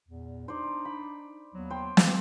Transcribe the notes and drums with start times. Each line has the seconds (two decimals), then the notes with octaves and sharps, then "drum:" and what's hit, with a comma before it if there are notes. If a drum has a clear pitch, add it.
0.09 E2 A#2
0.48 D4 D#4 C5 D5
0.85 B5
1.54 D#2 F#3 B3
1.70 C5 G5 C6
1.97 A#3 D6, drum: snare